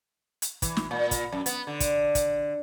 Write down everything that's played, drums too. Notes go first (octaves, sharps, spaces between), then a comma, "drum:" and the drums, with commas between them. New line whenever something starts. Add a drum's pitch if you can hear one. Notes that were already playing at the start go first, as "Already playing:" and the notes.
drum: hi-hat
E3, drum: kick, hi-hat
drum: snare
A#2
drum: kick, hi-hat
F#2
B3, drum: hi-hat
D3
drum: kick, hi-hat
drum: kick, hi-hat